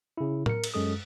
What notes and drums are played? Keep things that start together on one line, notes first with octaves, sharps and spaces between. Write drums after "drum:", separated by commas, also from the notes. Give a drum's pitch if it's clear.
C#3 E4
A#4 C#7, drum: tom A2
drum: cymbal
F#2 G#3 A4 D#6